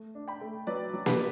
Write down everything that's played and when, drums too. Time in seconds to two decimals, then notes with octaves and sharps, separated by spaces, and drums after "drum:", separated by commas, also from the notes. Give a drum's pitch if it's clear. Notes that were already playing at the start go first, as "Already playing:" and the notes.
Already playing: A3
0.15 D4
0.28 G5 B5
0.41 A3
0.67 F#3 B4 D5
0.94 F#3
1.06 G4 B4, drum: snare A#3